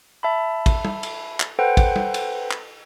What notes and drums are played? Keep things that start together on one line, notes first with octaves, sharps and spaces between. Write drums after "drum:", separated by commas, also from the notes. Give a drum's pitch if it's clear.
E5 A5 B5
drum: kick, cymbal
drum: tom
drum: cymbal
drum: clap
A4 B4 C5 F#5 G5
drum: kick, cymbal
drum: tom
drum: cymbal
drum: clap